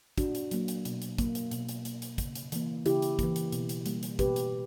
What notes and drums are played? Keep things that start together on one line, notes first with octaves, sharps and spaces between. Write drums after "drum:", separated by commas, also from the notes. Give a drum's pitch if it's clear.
A#2 D4 F#4, drum: kick, hi-hat
drum: hi-hat
F#3 A#3, drum: hi-hat
drum: hi-hat
B2, drum: hi-hat
drum: hi-hat
A#3, drum: kick, hi-hat
drum: hi-hat
B2, drum: hi-hat
drum: hi-hat
A#3, drum: hi-hat
drum: hi-hat
C#3, drum: kick, hi-hat
drum: hi-hat
E3 A#3, drum: hi-hat
C#3 E4 G4, drum: hi-hat
drum: hi-hat
E3 A#3, drum: kick, hi-hat
drum: hi-hat
B2, drum: hi-hat
drum: hi-hat
G3 A#3, drum: hi-hat
drum: hi-hat
B2 G4 B4, drum: kick, hi-hat
drum: hi-hat